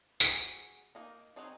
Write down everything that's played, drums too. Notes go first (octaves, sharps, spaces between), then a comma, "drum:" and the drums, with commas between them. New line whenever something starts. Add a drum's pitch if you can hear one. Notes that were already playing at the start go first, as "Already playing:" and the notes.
F#4 G#4, drum: tambourine
A#3 D#4
F#3 C4 D#4 G#4 C#5